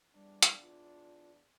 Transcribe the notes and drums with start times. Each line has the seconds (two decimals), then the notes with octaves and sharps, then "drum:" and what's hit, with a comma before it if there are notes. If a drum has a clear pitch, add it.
0.15 E2 G3 D4
0.42 drum: hi-hat
0.61 F4